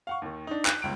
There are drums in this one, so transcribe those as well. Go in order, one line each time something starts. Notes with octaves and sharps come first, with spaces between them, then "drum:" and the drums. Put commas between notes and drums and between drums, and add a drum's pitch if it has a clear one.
F5 F#5 C#6
D#2 D#3
D4 D#4
F#6 G6, drum: clap
G1 C#2 D7